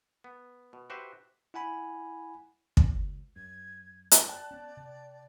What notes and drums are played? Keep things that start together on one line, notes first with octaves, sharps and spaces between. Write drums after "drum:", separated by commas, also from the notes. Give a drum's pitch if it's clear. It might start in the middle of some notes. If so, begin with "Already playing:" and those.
B3
B2
F#4 G4 B4 C5 E5
E4 F#5 G#5 B5
drum: kick
C#2
F#2 G#6
drum: hi-hat
D5 G5 A5 F#6
B3 C#4
C3